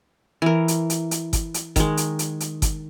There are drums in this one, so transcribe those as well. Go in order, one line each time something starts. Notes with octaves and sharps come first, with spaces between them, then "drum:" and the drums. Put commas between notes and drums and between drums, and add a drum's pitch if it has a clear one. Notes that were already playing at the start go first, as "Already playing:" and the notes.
E3 A#4
drum: hi-hat
drum: hi-hat
drum: hi-hat
drum: kick G1, hi-hat
drum: hi-hat
D#3 G#3, drum: kick G1, hi-hat
drum: hi-hat
drum: hi-hat
drum: hi-hat
drum: kick G1, hi-hat